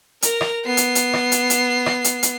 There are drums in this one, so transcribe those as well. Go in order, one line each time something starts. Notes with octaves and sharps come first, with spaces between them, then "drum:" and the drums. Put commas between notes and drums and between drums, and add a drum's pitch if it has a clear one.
A#4 A#5, drum: hi-hat
drum: rim click
B3 C7
drum: hi-hat
drum: hi-hat
drum: rim click
drum: hi-hat
drum: hi-hat
drum: rim click
drum: hi-hat
drum: hi-hat